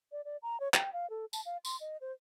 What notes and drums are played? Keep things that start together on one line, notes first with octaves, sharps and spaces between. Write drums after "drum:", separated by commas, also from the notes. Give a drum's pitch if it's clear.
D5
D5
A#5
C#5
G5, drum: clap
F5
A4
A5, drum: tambourine
F5
C6, drum: tambourine
D#5
C5